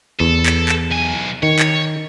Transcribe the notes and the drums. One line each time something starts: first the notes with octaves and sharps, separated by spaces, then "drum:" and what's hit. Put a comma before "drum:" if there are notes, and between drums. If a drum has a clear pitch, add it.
E2 A4
drum: clap
drum: clap
B1 G#5
D#3 C#5
drum: clap